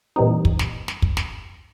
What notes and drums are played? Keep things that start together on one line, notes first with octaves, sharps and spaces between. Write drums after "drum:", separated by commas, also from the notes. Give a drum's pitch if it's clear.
A#2 E3 G3 C4 D#4
drum: kick
drum: snare
drum: snare
drum: kick
drum: snare